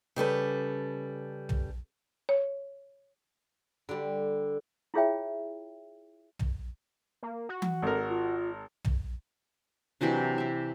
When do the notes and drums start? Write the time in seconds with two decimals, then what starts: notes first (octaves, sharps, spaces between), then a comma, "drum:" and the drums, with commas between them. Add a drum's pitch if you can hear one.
0.16 C#3 G3 A4 B4
1.49 drum: tom
2.29 C#5
3.89 D3 G3
4.94 E4 F4 G#4 C#5 E5 G5
6.39 drum: tom
7.23 A#3
7.49 F#4
7.62 drum: tom E3
7.82 G#1 A4 A#4
8.08 F4
8.85 drum: tom
10.01 C3 E3 F#3 D4
10.38 C4 E5